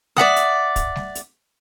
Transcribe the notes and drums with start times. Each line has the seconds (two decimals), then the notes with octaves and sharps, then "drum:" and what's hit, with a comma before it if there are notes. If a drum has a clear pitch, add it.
0.17 D5 E5 F#5 D#6, drum: snare G3
0.36 drum: hi-hat
0.76 drum: kick, hi-hat
0.96 drum: snare G3
1.15 drum: hi-hat